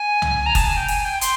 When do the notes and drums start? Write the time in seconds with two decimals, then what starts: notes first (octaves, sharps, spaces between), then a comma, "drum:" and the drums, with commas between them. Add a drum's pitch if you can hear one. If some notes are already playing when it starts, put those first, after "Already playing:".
Already playing: G#5
0.22 drum: tom C2
0.46 A#5
0.55 A5, drum: kick F#1, open hi-hat
0.66 G#5
0.77 G5
0.88 G#5, drum: open hi-hat
1.05 G5
1.21 C6, drum: hi-hat